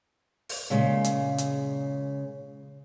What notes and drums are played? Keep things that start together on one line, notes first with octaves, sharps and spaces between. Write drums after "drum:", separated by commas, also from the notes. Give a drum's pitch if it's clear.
drum: open hi-hat
A#2 C#3 G#3
drum: hi-hat
drum: hi-hat